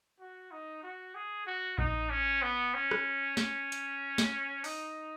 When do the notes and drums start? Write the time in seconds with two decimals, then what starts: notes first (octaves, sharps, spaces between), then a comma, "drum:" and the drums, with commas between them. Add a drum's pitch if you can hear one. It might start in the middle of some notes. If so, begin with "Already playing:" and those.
0.20 F#4
0.51 D#4
0.83 F#4
1.15 G#4
1.46 F#4
1.78 D#4, drum: kick A#1
2.10 C#4
2.42 B3
2.74 C#4
2.91 drum: rim click
3.37 C#4, drum: snare
3.72 drum: hi-hat
4.18 drum: snare
4.64 D#4, drum: open hi-hat